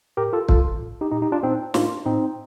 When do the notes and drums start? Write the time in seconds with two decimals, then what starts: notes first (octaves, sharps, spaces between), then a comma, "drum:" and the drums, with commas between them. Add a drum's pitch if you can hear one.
0.17 A2 G4 A#4
0.33 F4 A4
0.49 A2 F4 A4, drum: kick
0.80 A2
1.01 D#4 G4
1.12 A#2 D#4 G4
1.22 D#4 G4
1.32 D4 F4
1.43 A#2 C4 D#4
1.74 A2 D4 F4, drum: snare
2.05 A2 C4 D#4